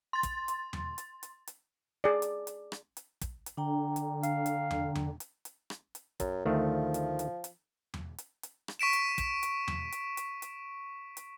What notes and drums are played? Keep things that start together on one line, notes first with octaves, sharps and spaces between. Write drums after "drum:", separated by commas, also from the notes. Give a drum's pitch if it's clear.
C6 A6
drum: kick, hi-hat
drum: hi-hat
drum: tom E2
drum: hi-hat
drum: hi-hat
drum: hi-hat
G#4 D5
drum: hi-hat
drum: hi-hat
drum: rim click
drum: hi-hat
drum: kick, hi-hat
drum: hi-hat
D3 D4 G5 A#5
drum: hi-hat
F5, drum: hi-hat
drum: hi-hat
drum: tom E2
drum: tom E2
drum: hi-hat
drum: hi-hat
drum: rim click
drum: hi-hat
F#2, drum: kick, hi-hat
D2 D#3 F3 A3
drum: hi-hat
drum: hi-hat
drum: hi-hat
drum: tom E2
drum: hi-hat
drum: hi-hat
drum: rim click
C#6 B6 D7 E7
drum: hi-hat
drum: kick, hi-hat
drum: hi-hat
drum: tom E2
drum: hi-hat
drum: hi-hat
drum: hi-hat
drum: hi-hat